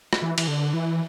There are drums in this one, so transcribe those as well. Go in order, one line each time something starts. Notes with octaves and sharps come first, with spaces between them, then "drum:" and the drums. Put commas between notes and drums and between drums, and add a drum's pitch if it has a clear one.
drum: rim click
E3
E3, drum: cymbal
D3
E3